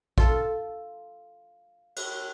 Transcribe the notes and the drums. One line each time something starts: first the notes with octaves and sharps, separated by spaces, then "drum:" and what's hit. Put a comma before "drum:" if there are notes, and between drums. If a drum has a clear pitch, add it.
F4 A4, drum: kick
drum: cymbal